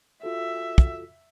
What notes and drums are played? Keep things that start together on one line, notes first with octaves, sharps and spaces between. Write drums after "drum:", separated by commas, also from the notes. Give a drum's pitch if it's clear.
F4 F#4 A4 E5
drum: kick